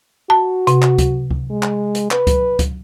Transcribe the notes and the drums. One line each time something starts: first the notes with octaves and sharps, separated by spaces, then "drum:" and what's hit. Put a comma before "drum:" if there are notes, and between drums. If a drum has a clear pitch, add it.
F#4 A5
C3, drum: hi-hat
drum: clap
drum: kick C#2, hi-hat
drum: kick C#2
G#3
drum: clap
drum: hi-hat
B4, drum: clap
drum: kick C#2, hi-hat
drum: kick C#2, hi-hat